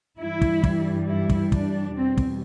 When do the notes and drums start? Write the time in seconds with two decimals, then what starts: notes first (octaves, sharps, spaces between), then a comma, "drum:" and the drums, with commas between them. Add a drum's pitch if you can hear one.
0.20 G2 E3 G3 E4
0.42 drum: kick
0.64 drum: kick
1.07 E4
1.29 drum: kick
1.52 D4, drum: kick
1.95 E2 B2 G3 C4
2.17 drum: kick